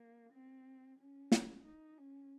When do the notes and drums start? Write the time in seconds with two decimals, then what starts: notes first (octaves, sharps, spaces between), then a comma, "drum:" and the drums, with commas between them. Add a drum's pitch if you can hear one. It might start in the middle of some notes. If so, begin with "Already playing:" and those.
Already playing: A#3
0.33 C4
0.99 C#4
1.32 drum: snare
1.65 D#4
1.98 C#4